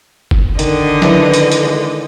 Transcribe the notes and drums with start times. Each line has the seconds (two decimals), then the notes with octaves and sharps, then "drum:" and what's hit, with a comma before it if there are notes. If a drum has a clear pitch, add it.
0.31 drum: kick F#1
0.59 D3 D#3 D#5 G#5, drum: hi-hat
1.02 D#3 E3 B4, drum: snare
1.34 drum: hi-hat
1.52 drum: hi-hat
1.63 G#3